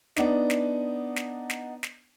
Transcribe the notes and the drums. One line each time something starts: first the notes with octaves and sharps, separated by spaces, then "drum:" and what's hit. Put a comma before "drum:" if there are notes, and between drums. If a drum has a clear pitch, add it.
B3 D4 D#4, drum: snare
drum: snare
drum: snare
drum: snare
drum: snare